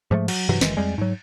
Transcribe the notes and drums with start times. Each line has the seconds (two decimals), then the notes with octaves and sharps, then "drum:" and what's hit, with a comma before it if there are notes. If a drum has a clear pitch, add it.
0.11 G#2 F3 G3 A3
0.28 F#3, drum: cymbal
0.49 G2 C3 E3 F#3
0.61 F#1 D#3 E3 G#3, drum: snare
0.77 F2 G3 G#3
0.98 G#2 F#3